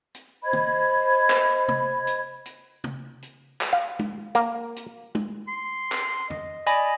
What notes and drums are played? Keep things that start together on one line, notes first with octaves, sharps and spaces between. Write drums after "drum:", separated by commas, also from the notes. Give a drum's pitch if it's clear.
drum: hi-hat
C5 D#5 B5 G#6
drum: tom
drum: clap
drum: tom
drum: hi-hat
drum: hi-hat
drum: tom
drum: hi-hat
drum: clap
F5
drum: tom
A#3, drum: hi-hat
drum: hi-hat
drum: tom
C6
drum: clap
D#5, drum: tom
D5 D#5 G#5 B5, drum: hi-hat